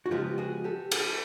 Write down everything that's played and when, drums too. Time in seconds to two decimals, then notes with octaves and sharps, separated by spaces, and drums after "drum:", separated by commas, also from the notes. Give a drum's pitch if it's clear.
0.06 F#4
0.11 C#3 F3 G#3 B3 F4 G4
0.38 F#4 G#4
0.64 G4 A4
0.92 G#4, drum: cymbal
1.01 A4